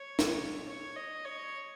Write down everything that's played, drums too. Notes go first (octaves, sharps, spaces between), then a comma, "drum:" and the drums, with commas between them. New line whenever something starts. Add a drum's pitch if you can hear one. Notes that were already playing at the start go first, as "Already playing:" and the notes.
Already playing: C#5
drum: snare
C#5
D#5
C#5